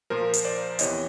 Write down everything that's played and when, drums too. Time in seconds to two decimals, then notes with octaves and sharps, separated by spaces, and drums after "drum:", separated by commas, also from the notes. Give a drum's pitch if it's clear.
0.10 A#2 F3 A#4 C5
0.33 drum: hi-hat
0.45 C5 D5
0.79 E2 C3 E3 C#5 D#5, drum: hi-hat